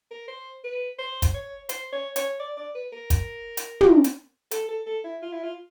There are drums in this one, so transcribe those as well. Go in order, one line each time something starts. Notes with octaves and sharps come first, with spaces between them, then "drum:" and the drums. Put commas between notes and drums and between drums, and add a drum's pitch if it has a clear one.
A#4
C5
B4
C5
drum: kick, hi-hat
C#5
C5, drum: hi-hat
C#5
C#5, drum: hi-hat
D5
D5
B4
A#4
drum: kick, hi-hat
drum: hi-hat
drum: tom
drum: hi-hat
A4, drum: hi-hat
A4
A4
E4
F4
E4
F4